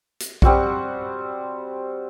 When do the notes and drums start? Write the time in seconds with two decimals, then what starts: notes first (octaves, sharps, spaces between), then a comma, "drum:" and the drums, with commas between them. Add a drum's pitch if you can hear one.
0.20 drum: hi-hat
0.42 G3 C4 F#4 F#5, drum: kick A#1